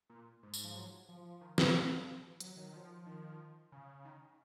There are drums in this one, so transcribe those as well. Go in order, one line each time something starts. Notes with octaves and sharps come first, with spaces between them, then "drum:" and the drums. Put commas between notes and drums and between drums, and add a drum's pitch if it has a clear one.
A#2
G#2
G#2, drum: tambourine
F3
F#3
F3
D#3
F3, drum: snare
F#3, drum: hi-hat
D#3
F3
D#3
C#3
D#3